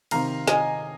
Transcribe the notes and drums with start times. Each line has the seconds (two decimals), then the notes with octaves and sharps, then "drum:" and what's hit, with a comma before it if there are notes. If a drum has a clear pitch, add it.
0.11 C3 D#3 C4 F5 A#5, drum: cymbal
0.47 D#5 G#5, drum: snare